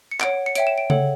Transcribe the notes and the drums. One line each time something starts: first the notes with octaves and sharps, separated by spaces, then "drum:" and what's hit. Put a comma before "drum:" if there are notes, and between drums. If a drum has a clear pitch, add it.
C#7
C#5 F#5 D7, drum: clap
C#7
C#5 E5 G5 D7, drum: hi-hat
E7
D7
A4 C#5 F#5, drum: tom C#3